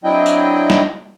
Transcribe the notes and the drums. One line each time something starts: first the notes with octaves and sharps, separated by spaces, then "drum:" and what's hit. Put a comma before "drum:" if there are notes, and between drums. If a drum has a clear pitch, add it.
F#3 C4 D4 E4 D#5 G5
drum: tambourine
drum: snare